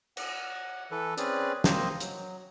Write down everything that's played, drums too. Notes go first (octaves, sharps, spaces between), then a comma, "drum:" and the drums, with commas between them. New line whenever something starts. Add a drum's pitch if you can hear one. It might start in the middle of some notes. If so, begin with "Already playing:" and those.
F#5, drum: cymbal
E3 A4 B4
C4 C#4 G#4 B4 D5, drum: hi-hat
A#3 C4 C5 D#5, drum: snare
F#3, drum: hi-hat